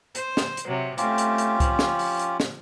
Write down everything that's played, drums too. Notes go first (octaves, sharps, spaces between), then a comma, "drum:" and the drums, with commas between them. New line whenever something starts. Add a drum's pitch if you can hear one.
C5, drum: hi-hat
drum: snare
drum: hi-hat
C3 F#3
A3 C4 C#4 F4 G4, drum: hi-hat
drum: hi-hat
drum: hi-hat
F3, drum: kick C2, hi-hat
drum: snare
drum: open hi-hat
drum: hi-hat
drum: snare